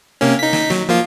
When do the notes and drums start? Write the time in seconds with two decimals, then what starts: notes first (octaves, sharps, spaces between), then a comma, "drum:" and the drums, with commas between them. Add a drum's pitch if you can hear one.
0.21 C3 A#3 C#4
0.39 D#4 B6
0.53 drum: snare
0.70 F#3, drum: snare
0.89 F3 A#3 F4